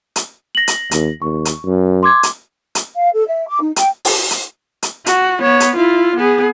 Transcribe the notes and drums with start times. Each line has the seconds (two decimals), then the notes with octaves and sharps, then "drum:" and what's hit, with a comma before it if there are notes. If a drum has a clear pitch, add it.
0.16 drum: hi-hat
0.55 A#6 F#7
0.68 drum: hi-hat
0.91 D#2, drum: hi-hat
1.22 D#2 C#6
1.45 drum: hi-hat
1.65 F#2
2.03 C6 D6 G#6
2.23 drum: hi-hat
2.75 drum: hi-hat
2.95 F5
3.13 A4
3.27 E5
3.46 D6
3.61 D#4
3.76 G5, drum: hi-hat
4.05 drum: open hi-hat
4.31 drum: hi-hat
4.83 drum: hi-hat
5.06 F#4, drum: hi-hat
5.42 B3 C#5
5.60 drum: hi-hat
5.76 E4 F4
6.16 B3 G#4